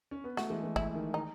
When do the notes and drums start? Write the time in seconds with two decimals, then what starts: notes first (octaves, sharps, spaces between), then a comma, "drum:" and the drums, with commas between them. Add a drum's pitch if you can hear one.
0.11 C#4
0.24 B3
0.37 A3 F#4, drum: snare
0.50 E3 G#3
0.63 E3
0.76 E4, drum: kick
0.95 D#3
1.14 D#3 D#4